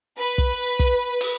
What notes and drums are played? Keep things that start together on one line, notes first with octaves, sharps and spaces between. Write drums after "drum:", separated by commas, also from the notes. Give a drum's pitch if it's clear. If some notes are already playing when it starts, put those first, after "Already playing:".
B4
drum: kick
drum: kick, hi-hat
drum: open hi-hat